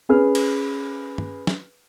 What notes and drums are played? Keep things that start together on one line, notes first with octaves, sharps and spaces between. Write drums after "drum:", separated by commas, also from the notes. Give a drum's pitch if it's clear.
C#4 G#4 B4 F6
drum: cymbal
drum: tom G2
drum: snare